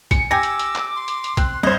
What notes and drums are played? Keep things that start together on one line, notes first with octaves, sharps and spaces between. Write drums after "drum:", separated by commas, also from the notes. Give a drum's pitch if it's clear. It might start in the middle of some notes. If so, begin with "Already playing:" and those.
G#5 C#7, drum: kick, hi-hat
G4 G#5 D6 E6 A#6
drum: hi-hat
drum: hi-hat
drum: clap
C6
drum: hi-hat
drum: hi-hat
C4 F#6, drum: kick, hi-hat
G2 C5 D#5 G#6